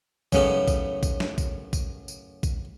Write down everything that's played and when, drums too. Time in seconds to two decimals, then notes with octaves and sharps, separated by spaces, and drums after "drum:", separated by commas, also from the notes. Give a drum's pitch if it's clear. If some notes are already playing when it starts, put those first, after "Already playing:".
0.32 F#2 A2 C#3 B3 C#4 D#4, drum: kick A#1, tambourine
0.68 drum: kick A#1, tambourine
1.03 drum: kick A#1, tambourine
1.20 drum: snare
1.38 drum: kick A#1, tambourine
1.73 drum: kick A#1, tambourine
2.08 drum: tambourine
2.43 drum: kick A#1, tambourine